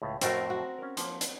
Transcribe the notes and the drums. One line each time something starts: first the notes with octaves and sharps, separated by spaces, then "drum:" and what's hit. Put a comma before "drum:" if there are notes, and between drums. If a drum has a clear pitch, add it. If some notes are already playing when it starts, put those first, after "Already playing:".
C#2 A2
F2 A2 A3 C4 F#4 A#4, drum: hi-hat
F#4
C#4 A#4
F3 A#3, drum: hi-hat
drum: hi-hat